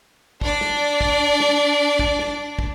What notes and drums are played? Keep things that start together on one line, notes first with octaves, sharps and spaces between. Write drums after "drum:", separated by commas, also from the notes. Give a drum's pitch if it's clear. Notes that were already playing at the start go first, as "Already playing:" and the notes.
D4 D5, drum: kick
drum: snare
drum: kick
drum: snare
drum: kick
drum: snare
drum: kick